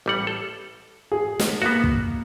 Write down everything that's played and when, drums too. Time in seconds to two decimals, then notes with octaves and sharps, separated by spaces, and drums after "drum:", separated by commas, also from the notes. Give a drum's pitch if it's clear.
0.06 A1 G3 F#5
0.27 A4
1.12 G#4
1.39 drum: snare
1.62 A#3 B3 F#4
1.84 drum: kick